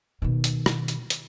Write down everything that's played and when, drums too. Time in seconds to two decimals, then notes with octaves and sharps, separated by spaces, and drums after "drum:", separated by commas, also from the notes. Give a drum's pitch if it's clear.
0.22 B2 D#3
0.44 drum: hi-hat
0.66 drum: rim click
0.88 drum: hi-hat
1.10 drum: hi-hat